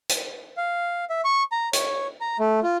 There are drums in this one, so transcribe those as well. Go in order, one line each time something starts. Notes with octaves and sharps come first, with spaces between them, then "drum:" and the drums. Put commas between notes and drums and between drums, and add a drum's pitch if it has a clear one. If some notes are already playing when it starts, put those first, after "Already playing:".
drum: hi-hat
F5
E5
C#6
A#5
C#5, drum: hi-hat
A#5
A3
F4